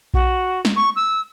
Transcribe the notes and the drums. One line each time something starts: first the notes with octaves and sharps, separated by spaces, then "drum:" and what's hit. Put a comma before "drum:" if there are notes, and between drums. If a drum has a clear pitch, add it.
F#4, drum: kick A#1
drum: snare
C#6
E6